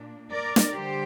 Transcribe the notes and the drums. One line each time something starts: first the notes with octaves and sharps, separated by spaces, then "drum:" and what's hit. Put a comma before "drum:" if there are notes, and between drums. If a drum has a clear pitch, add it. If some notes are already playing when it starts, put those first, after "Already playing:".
Already playing: A#2 A#3 D4
A#4 D5
drum: snare
D3 G3 G4 C5